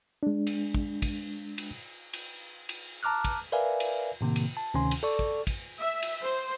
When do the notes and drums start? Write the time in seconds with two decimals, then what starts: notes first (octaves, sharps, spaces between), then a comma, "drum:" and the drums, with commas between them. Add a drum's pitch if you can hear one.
0.23 G#3 D4
0.47 drum: cymbal
0.74 drum: kick
1.02 drum: kick, cymbal
1.58 drum: cymbal
2.13 drum: cymbal
2.69 drum: cymbal
3.03 A5 A#5 D6 F6 F#6
3.25 drum: kick, cymbal
3.52 A#4 B4 D5 E5 F5 G#5
3.80 drum: cymbal
4.21 A2 C3 D#3 A#3
4.36 drum: cymbal
4.57 A5
4.74 D2 C3 D#3 C#4 G#5 C6
4.91 drum: cymbal
5.03 A4 D5 C#6
5.19 drum: kick
5.47 drum: kick, cymbal
5.79 E5
6.02 drum: cymbal
6.22 C5